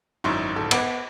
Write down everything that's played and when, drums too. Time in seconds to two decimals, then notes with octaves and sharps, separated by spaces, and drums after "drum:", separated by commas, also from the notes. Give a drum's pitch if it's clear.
0.24 G#1 F#2 D#4 E4 C6 C#6
0.55 D1 A4
0.71 B3 B4 D6 D7, drum: cymbal